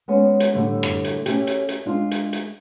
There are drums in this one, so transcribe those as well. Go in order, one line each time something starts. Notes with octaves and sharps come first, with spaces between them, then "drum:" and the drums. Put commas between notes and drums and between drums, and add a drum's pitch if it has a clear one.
G#3 B3 C#4
drum: hi-hat
A2 D3 G3 A3
drum: rim click
drum: hi-hat
A3 C#4 G4, drum: hi-hat
drum: hi-hat
drum: hi-hat
G#3 D4 F4
drum: hi-hat
drum: hi-hat